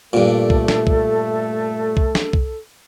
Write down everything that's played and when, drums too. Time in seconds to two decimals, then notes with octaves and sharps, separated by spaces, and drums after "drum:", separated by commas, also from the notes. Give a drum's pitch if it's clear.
0.13 G2 A#2 A3 A4
0.50 drum: kick
0.68 drum: snare
0.87 drum: kick
1.97 drum: kick
2.15 drum: snare
2.33 drum: kick